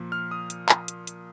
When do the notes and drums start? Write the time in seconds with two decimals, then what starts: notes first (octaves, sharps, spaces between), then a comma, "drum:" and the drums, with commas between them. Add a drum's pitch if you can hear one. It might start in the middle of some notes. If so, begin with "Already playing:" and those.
Already playing: A#2 F3
0.12 F6
0.31 D#6
0.50 drum: hi-hat
0.69 drum: clap
0.88 drum: hi-hat
1.07 drum: hi-hat